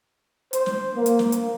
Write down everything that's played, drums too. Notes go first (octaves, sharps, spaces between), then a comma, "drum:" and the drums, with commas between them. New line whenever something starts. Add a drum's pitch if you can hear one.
C5, drum: hi-hat
drum: snare
A#3
drum: hi-hat
drum: snare
drum: hi-hat